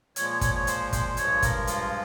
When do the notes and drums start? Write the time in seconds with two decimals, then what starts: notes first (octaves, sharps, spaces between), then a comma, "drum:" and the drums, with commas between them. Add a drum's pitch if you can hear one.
0.16 A#2 F3 G#3 C#5, drum: hi-hat
0.29 C#5
0.41 C#5, drum: kick, hi-hat
0.54 C#5
0.67 C5, drum: hi-hat
0.93 C5, drum: kick, hi-hat
1.17 G2 F3 G#3 C#5, drum: hi-hat
1.42 A#4, drum: kick, hi-hat
1.67 F4, drum: hi-hat